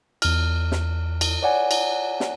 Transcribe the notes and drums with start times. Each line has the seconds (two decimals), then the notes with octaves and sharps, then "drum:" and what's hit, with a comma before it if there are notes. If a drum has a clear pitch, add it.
0.22 E2 F6, drum: cymbal
0.72 drum: snare
1.21 drum: cymbal
1.43 C#5 D5 F#5 G#5
1.71 drum: cymbal
2.20 drum: snare